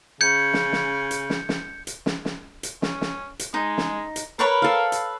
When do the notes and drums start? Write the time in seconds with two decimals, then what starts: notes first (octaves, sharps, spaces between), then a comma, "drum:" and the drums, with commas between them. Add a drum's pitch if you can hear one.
0.21 C#3 G6 G#6 C#7
0.53 drum: snare
0.73 drum: snare
1.11 drum: hi-hat
1.30 drum: snare
1.49 drum: snare
1.87 drum: hi-hat
2.06 drum: snare
2.25 drum: snare
2.63 drum: hi-hat
2.82 C#4, drum: snare
3.01 drum: snare
3.39 drum: hi-hat
3.54 G#3 D#4
3.78 drum: snare
4.16 drum: hi-hat
4.39 A#4 B4 C#5 B5
4.62 A4 F5
4.92 drum: hi-hat